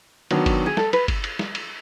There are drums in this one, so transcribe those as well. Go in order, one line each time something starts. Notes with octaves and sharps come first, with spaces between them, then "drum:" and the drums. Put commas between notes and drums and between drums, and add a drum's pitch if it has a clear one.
D#3 F#3 B3 D4 F#4, drum: cymbal
drum: kick G1, cymbal
G#4
A4, drum: snare
B4, drum: cymbal
drum: kick G1, cymbal
drum: cymbal
drum: snare
drum: cymbal